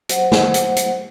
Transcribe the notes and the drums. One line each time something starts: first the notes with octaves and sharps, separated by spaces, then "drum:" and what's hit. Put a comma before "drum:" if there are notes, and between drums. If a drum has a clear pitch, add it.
F#3 C5 F#5, drum: hi-hat
drum: snare
drum: hi-hat
drum: hi-hat